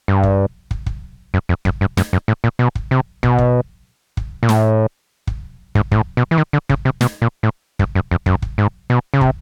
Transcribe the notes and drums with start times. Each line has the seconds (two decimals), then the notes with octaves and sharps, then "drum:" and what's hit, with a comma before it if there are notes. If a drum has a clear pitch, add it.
0.08 G2
0.23 drum: kick
0.71 drum: kick
0.86 drum: kick
1.34 F#2
1.49 F2
1.65 F#2, drum: kick
1.81 G2
1.97 F#2, drum: snare
2.13 F#2
2.28 A2
2.44 A#2
2.59 B2
2.75 drum: kick
2.91 C3
3.23 B2, drum: kick
3.38 drum: kick
4.17 drum: kick
4.43 A#2
4.49 A2, drum: snare
5.27 drum: kick
5.75 G#2, drum: kick
5.92 G#2, drum: kick
5.95 A2
6.17 B2
6.31 E3
6.38 D#3
6.53 D3
6.69 C#3, drum: kick
6.85 C3
7.01 B2, drum: snare
7.22 A#2
7.43 A2
7.79 G2, drum: kick
7.95 F#2
8.11 F2
8.26 F#2, drum: kick
8.42 drum: kick
8.58 G#2
8.90 B2
9.14 C#3
9.21 C3, drum: kick